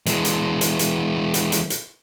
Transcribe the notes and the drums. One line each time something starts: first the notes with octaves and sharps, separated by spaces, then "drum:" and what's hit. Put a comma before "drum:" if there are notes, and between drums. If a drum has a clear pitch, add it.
E3 G#3, drum: hi-hat
drum: hi-hat
drum: hi-hat
drum: hi-hat
drum: hi-hat
drum: hi-hat
drum: hi-hat